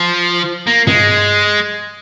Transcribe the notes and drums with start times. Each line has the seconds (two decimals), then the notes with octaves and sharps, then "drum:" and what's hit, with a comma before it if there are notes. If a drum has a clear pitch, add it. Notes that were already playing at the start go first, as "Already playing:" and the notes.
Already playing: F3
0.67 A#3
0.87 G#3, drum: tom